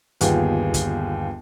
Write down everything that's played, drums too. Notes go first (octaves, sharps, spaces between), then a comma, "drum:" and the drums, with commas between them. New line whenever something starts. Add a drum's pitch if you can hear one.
G1 D#2 B3 F4 G#4, drum: hi-hat
drum: kick, hi-hat